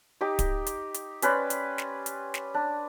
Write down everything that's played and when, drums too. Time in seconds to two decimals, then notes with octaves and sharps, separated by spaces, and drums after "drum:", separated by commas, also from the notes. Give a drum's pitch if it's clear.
0.21 D#4 G4 D6
0.39 drum: kick D1, hi-hat
0.67 drum: hi-hat
0.94 drum: hi-hat
1.22 C#4 B4 C5 D5, drum: hi-hat
1.50 drum: hi-hat
1.78 drum: snare
2.06 drum: hi-hat
2.34 drum: snare
2.54 D4